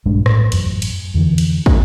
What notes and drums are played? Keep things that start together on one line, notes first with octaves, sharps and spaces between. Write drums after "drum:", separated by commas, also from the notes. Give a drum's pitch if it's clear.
A#1 G2 G#3 D4
A2, drum: rim click
A1 F#2, drum: cymbal
drum: cymbal
F2 D3 E3
drum: cymbal
drum: kick